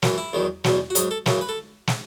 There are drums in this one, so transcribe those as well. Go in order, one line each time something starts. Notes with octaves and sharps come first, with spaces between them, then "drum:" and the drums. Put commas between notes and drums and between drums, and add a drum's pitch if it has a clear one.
F#2 E3 C#4, drum: snare
E4
E2 D#3 F#3
E2 B2 F#3, drum: snare
F#4
G#2 F#3 G#4, drum: hi-hat
A4
F#2 C#3 E3, drum: snare
B4
A4
drum: snare